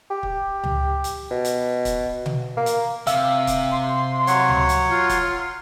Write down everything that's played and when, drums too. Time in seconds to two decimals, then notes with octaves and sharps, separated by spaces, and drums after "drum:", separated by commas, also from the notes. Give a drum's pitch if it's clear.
0.11 G4
0.23 drum: kick C#1
0.63 drum: tom C#2
1.04 drum: hi-hat
1.31 B2
1.45 drum: hi-hat
1.85 drum: kick C#1, hi-hat
2.26 drum: tom B2
2.57 A#3
2.66 drum: hi-hat
3.07 C3 E5 F5 E6, drum: hi-hat
3.47 drum: kick C#1, hi-hat
3.71 C6
4.27 F#3 C#5 F#5, drum: hi-hat
4.49 drum: tom C#2
4.69 drum: hi-hat
4.89 F4
5.09 drum: kick C#1, hi-hat